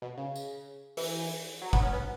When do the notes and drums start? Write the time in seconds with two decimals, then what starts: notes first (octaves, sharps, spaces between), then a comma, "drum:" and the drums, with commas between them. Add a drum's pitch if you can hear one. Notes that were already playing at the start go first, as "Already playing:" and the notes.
0.02 B2
0.18 C#3
0.36 drum: tambourine
0.97 E3, drum: open hi-hat
1.62 F#3
1.73 B3, drum: kick
1.83 C#4
1.93 B3